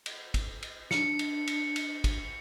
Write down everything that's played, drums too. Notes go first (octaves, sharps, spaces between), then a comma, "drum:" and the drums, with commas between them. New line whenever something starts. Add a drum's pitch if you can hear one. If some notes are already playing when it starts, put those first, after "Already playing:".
drum: cymbal
drum: kick, cymbal
drum: cymbal
D4 C#7, drum: snare
drum: cymbal
drum: cymbal
drum: cymbal
drum: kick, cymbal